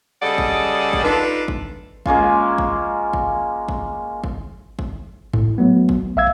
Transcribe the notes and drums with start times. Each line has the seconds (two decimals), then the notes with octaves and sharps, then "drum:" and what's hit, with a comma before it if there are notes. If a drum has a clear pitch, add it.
0.22 C#3 G3 A4 D5 D#5 F#5
0.38 drum: kick
0.93 drum: kick
1.03 D4 D#4 F4 A4 B4
1.48 drum: kick
2.06 G#3 A#3 C#4 F4, drum: kick
2.58 drum: kick
3.13 drum: kick
3.69 drum: kick
4.24 drum: kick
4.79 drum: kick
5.33 A2, drum: kick
5.58 F#3 A3 B3
5.89 drum: kick
6.16 A#1 E5 F5 E6 G#6